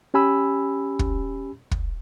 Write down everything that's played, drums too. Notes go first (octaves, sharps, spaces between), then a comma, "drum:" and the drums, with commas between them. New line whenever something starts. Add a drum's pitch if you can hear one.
C#4 G4 G#5 B5 E6
drum: kick
drum: kick